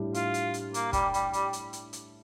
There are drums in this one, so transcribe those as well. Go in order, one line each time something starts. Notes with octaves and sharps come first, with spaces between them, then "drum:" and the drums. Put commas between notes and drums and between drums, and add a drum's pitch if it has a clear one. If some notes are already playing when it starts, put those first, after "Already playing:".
Already playing: A2 G3 D4 G4
F4, drum: hi-hat
drum: hi-hat
drum: hi-hat
A#3, drum: hi-hat
G3, drum: kick, hi-hat
G3, drum: hi-hat
G3, drum: hi-hat
drum: hi-hat
drum: hi-hat
drum: hi-hat